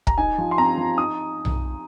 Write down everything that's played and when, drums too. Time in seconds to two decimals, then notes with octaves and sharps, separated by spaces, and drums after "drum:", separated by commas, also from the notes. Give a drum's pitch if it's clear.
0.07 A#5, drum: kick
0.18 D#4 G#5
0.38 F3
0.51 C6
0.58 C4 A#5
0.78 F3
0.98 D#4 D#6
1.45 drum: tom B1